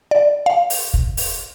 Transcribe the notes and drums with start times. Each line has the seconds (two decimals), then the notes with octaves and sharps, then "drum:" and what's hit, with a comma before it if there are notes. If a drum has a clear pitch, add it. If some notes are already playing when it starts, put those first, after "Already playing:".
0.11 D5
0.46 F5
0.70 drum: open hi-hat
0.94 drum: kick
1.17 drum: open hi-hat